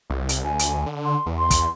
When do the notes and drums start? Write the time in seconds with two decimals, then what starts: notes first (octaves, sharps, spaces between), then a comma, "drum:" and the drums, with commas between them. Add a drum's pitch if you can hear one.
0.10 C2
0.29 drum: hi-hat
0.44 D2 G#5
0.59 drum: hi-hat
0.86 D3
1.05 C6
1.26 E2
1.38 C6
1.51 drum: kick, hi-hat